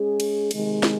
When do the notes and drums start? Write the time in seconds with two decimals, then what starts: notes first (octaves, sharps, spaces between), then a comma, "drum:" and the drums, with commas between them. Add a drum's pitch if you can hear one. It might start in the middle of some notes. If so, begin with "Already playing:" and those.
Already playing: G#3 C#4 G#4
0.20 drum: cymbal
0.51 C3 D#3 G#3, drum: cymbal
0.83 drum: snare